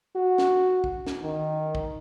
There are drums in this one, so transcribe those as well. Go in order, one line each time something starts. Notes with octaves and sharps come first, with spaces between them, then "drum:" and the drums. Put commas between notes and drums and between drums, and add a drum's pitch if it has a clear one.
F#4
drum: snare
drum: kick
drum: snare
D#3
drum: kick